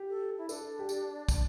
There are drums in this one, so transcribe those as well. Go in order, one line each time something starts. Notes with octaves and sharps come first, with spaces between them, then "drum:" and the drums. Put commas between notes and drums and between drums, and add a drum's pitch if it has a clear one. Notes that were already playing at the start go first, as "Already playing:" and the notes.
Already playing: G4
A4
E4
D4 A4, drum: tambourine
G4
drum: tambourine
drum: kick, tambourine